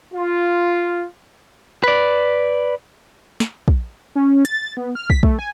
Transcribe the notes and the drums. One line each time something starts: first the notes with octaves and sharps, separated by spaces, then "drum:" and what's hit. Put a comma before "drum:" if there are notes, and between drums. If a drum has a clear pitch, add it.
F4
B4 D5
drum: snare
drum: kick
C#4
A6, drum: hi-hat
B3
F6
B6, drum: kick
A3, drum: kick
G#5